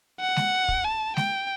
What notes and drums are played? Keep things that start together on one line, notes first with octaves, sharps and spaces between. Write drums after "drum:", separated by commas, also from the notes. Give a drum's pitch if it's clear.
F#5
drum: snare G#3
drum: kick
A5
G5, drum: snare G#3